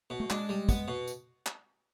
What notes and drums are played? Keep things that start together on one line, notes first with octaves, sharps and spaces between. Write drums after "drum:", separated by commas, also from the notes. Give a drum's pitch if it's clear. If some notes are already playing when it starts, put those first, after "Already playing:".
B2
A3
G#3 D4, drum: clap
G3
B3, drum: kick, tambourine
B2
drum: tambourine
drum: clap